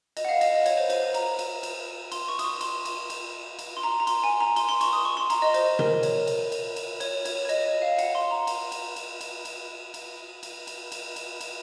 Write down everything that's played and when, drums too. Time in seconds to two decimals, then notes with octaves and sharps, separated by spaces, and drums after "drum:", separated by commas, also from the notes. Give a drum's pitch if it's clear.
0.17 D#5, drum: cymbal
0.25 F#5
0.29 F5
0.41 D#5, drum: cymbal
0.53 D#5
0.66 C#5, drum: cymbal
0.78 C5
0.90 C5, drum: cymbal
1.02 C5
1.14 A#5, drum: cymbal
1.39 drum: cymbal
1.63 drum: cymbal
2.12 C6, drum: cymbal
2.28 C#6
2.39 D#6, drum: cymbal
2.44 C#6
2.61 C6, drum: cymbal
2.85 drum: cymbal
3.10 drum: cymbal
3.59 drum: cymbal
3.77 C6
3.83 A#5
4.00 A#5
4.07 C6, drum: cymbal
4.24 G#5
4.41 A#5
4.56 C6, drum: cymbal
4.69 C6
4.81 C#6, drum: cymbal
4.93 D#6
5.05 C#6
5.17 C6
5.30 A#5, drum: cymbal
5.42 D#5
5.54 C5, drum: cymbal
5.79 A#4, drum: tom B2
6.03 C#5, drum: cymbal
6.27 drum: cymbal
6.52 drum: cymbal
6.76 drum: cymbal
7.00 C#5, drum: cymbal
7.25 C#5, drum: cymbal
7.45 C#5
7.49 D#5, drum: cymbal
7.66 D#5
7.82 F5
7.98 F#5, drum: cymbal
8.15 C6
8.31 A#5
8.47 drum: cymbal
8.72 drum: cymbal
8.96 drum: cymbal
9.21 drum: cymbal
9.45 drum: cymbal
9.94 drum: cymbal
10.43 drum: cymbal
10.67 drum: cymbal
10.92 drum: cymbal
11.16 drum: cymbal
11.41 drum: cymbal